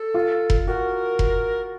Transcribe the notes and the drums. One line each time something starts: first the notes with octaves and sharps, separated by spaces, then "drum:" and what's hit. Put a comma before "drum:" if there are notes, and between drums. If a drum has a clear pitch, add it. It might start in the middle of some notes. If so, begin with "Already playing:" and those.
Already playing: A4
F4
drum: kick F1
F#4 A#4
drum: kick F1